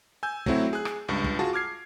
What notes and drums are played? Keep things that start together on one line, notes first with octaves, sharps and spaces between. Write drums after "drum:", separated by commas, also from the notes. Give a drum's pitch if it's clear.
G#5 E6 G6
F#3 A3 C4 E4 F#4, drum: kick
G#4 F#6
drum: rim click
C#2 G2 C#6
drum: kick
F4 F#4 G#4 A5
D6 F6 G#6 C7